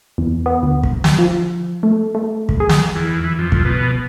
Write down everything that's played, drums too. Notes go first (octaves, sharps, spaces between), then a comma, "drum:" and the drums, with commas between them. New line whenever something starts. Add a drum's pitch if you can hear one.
E2
B3
D2
drum: kick
drum: snare
F3
A3
A3
drum: kick
G#4
drum: snare
E2
E3
F2
drum: kick
B2